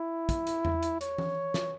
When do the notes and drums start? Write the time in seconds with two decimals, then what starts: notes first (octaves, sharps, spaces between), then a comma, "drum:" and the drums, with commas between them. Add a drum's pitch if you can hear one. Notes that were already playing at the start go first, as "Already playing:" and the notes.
Already playing: E4
0.29 drum: kick, hi-hat
0.47 drum: hi-hat
0.65 drum: tom E2
0.83 drum: hi-hat
1.01 C#5, drum: hi-hat
1.18 drum: tom E3
1.54 drum: snare